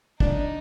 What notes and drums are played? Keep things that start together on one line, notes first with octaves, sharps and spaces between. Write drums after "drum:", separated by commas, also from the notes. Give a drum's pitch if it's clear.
D4 D#4, drum: kick